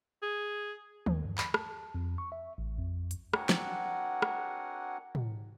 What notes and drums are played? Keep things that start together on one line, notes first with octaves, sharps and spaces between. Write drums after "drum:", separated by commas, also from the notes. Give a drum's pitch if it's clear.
G#4
D#2, drum: tom
G2
B5, drum: clap
A5, drum: rim click
F2
C#6
E5
A1
F2
drum: hi-hat
C4 D4 F#4 A#4 F#5 G#5, drum: rim click
drum: snare
drum: rim click
drum: tom